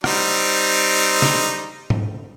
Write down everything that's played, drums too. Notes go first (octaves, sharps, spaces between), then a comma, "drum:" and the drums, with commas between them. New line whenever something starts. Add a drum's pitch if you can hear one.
G3 C4 D#4, drum: rim click
drum: snare
drum: tom G#2